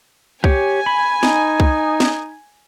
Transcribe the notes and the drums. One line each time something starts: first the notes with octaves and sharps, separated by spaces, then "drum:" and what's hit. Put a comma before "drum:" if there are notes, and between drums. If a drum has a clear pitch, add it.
G4 C#5 G#5, drum: kick C2
B5
D#4, drum: snare
drum: kick C2
drum: snare